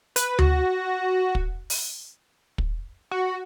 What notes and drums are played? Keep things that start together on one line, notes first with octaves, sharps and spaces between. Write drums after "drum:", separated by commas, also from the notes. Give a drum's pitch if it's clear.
B4, drum: hi-hat
F#4, drum: tom D2
drum: kick
drum: open hi-hat
drum: kick
F#4